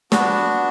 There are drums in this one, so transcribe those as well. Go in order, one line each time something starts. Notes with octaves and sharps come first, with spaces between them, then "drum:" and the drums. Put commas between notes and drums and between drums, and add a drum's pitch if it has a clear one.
B3 D4 F#4, drum: snare